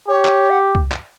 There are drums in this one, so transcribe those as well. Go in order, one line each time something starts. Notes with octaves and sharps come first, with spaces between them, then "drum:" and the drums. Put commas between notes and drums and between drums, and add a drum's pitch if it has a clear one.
G4 C#5
drum: clap
F#5
drum: kick C2
drum: clap